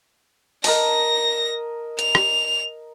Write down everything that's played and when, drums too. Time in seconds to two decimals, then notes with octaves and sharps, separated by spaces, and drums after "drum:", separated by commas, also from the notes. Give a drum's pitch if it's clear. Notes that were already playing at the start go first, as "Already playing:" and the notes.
0.64 A#4 D#5 A5 A#6, drum: open hi-hat
1.99 F7, drum: hi-hat
2.15 drum: rim click